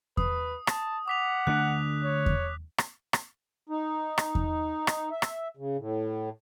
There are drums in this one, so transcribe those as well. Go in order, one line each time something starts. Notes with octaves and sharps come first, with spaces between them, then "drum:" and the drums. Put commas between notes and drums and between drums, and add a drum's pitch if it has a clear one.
B4 D#6, drum: kick E2
A5, drum: rim click
F#5 D6 B6 F7
D3 A3 D4 F#6
C#5
drum: kick E2
drum: rim click
drum: rim click
D#4
drum: rim click
drum: kick E2
drum: rim click
E5
drum: rim click
C#3
A2